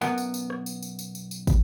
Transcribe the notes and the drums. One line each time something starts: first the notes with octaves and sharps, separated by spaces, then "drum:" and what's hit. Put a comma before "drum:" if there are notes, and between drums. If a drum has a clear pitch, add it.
B1 F#2 B3 A#4 F#5, drum: tambourine
drum: tambourine
drum: tambourine
drum: rim click
drum: tambourine
drum: tambourine
drum: tambourine
drum: tambourine
drum: tambourine
drum: kick, tambourine